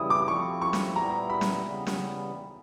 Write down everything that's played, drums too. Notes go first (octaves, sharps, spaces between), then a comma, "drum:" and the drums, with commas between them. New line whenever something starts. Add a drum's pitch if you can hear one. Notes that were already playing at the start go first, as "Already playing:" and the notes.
Already playing: C#3 E3 G3 E4 D#6
D6
F3 A3 C4 E4 C#6
C#6
drum: snare
A#2 G3 B3 E4 A#5
B5
drum: snare
C#3 E3 G3 B3
drum: snare